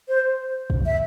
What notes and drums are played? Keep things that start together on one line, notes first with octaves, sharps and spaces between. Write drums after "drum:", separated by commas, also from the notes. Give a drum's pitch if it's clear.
C5
drum: kick
E5